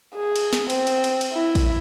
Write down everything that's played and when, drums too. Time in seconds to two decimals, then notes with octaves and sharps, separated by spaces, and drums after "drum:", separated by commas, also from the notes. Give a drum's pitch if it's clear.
0.15 G#4
0.36 drum: cymbal
0.53 drum: snare
0.70 C4, drum: cymbal
0.87 drum: cymbal
1.04 drum: cymbal
1.21 drum: cymbal
1.33 E4
1.55 drum: kick, cymbal